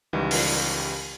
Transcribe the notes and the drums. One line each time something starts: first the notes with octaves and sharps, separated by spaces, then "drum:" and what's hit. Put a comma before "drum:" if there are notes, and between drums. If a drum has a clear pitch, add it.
C#2 D#3 E3 G3
drum: open hi-hat